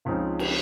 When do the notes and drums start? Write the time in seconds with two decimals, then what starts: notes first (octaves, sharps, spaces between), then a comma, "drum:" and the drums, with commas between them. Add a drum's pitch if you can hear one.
0.05 C#2 C#3 F3 C4 D#4
0.39 drum: cymbal